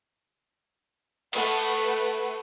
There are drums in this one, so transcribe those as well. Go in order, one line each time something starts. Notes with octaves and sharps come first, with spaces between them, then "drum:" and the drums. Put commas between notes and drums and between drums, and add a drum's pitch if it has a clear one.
A3 B4 F#5, drum: cymbal